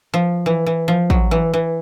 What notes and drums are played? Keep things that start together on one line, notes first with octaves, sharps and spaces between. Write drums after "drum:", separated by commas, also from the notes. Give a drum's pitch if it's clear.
F3
E3
E3
F3
F#3, drum: kick
E3
E3